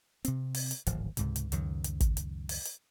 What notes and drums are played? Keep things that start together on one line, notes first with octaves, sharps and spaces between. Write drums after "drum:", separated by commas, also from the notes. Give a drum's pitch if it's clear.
C3 C4, drum: hi-hat
drum: open hi-hat
drum: hi-hat
D1 G#1 F3, drum: hi-hat
C#2 G#2 C3, drum: hi-hat
drum: hi-hat
C#2 F#2 D#3 F#3, drum: hi-hat
drum: hi-hat
drum: kick, hi-hat
drum: hi-hat
drum: open hi-hat
drum: hi-hat